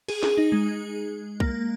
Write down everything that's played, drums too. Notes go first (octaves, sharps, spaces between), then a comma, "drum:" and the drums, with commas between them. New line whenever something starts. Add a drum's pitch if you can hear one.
G#4, drum: cymbal
G#4, drum: snare
D#4
G#3
A#3, drum: kick B1